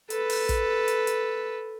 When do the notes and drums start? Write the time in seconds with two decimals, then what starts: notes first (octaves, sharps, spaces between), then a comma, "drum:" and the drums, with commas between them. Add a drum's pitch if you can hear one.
0.10 A4 B4, drum: hi-hat
0.30 drum: open hi-hat
0.49 drum: kick, hi-hat
0.88 drum: hi-hat
1.07 drum: hi-hat